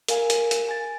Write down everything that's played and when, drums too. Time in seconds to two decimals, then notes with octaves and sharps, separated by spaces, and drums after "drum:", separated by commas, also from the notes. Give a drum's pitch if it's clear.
0.08 A#4 F5 G#5, drum: hi-hat
0.30 drum: hi-hat
0.51 drum: hi-hat
0.69 G#5 A6